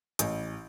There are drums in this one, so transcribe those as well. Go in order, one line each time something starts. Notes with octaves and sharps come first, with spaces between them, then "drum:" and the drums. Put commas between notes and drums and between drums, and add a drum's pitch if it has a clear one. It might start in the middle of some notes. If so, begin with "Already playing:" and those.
A1, drum: hi-hat